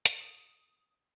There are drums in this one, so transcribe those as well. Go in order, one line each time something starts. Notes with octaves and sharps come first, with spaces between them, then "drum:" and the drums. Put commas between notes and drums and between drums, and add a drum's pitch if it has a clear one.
drum: hi-hat
D#6